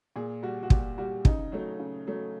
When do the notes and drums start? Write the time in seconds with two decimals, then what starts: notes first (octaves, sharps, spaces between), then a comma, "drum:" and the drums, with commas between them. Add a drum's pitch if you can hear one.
0.16 A#2 G#4
0.43 G3 F#4
0.63 F#4
0.70 A#2 G4, drum: kick
0.98 G3 F#4
1.25 C#3 D#4, drum: kick
1.52 F#3 A3
1.79 C#3
2.07 F#3 A3